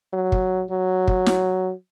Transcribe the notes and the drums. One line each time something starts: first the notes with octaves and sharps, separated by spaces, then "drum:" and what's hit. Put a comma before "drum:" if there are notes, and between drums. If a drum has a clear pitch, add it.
F#3
drum: kick
F#3
drum: kick
drum: snare